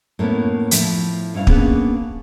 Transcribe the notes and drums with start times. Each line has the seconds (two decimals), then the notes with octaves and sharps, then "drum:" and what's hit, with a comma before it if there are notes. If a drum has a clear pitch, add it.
0.19 A2 A#3 B3 C#4 E4
0.71 A2 F3 E4, drum: hi-hat
1.34 G2 C#4 E4 F5
1.47 A#3 B3 C#4 D4 G#4 B4, drum: kick